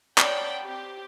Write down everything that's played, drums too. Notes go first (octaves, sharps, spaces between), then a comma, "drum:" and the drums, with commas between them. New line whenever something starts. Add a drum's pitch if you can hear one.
C#5 D5 F#5 G5 A5 B5, drum: clap
C4 G4